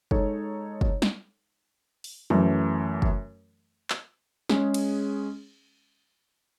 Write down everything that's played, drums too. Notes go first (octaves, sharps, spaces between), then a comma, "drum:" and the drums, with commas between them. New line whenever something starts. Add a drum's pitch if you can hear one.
G#3 D#4 A4 C#5, drum: kick
drum: kick
drum: snare
drum: open hi-hat
F#2 E3 A3, drum: tom F3
drum: kick
drum: clap
G#3 C#4 G#4, drum: snare
drum: cymbal